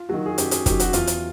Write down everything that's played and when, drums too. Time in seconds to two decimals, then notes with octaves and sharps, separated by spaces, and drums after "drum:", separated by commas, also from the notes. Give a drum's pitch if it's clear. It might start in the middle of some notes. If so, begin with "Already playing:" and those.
Already playing: F4
0.09 D#3 F#3 F#4
0.26 G#4
0.38 F#2 G4, drum: hi-hat
0.51 G#4, drum: hi-hat
0.66 D#3 F#3 G4, drum: kick, hi-hat
0.80 F#4, drum: hi-hat
0.93 E2 F4, drum: hi-hat
1.07 drum: hi-hat